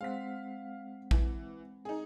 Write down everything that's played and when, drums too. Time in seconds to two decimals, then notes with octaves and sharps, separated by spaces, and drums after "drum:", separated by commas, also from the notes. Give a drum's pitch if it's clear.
0.01 G#3 C4 F5 F#5 B6
1.11 E3, drum: kick A#1
1.85 D#4 G#4